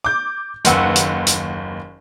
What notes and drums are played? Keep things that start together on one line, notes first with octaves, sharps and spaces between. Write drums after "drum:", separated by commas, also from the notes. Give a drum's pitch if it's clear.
D6 G6
F#1 D#2 B4 F#5 E6, drum: hi-hat
drum: hi-hat
drum: hi-hat